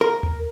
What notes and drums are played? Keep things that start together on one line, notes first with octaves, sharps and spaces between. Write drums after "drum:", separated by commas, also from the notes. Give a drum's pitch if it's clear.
A#4
drum: tom D#2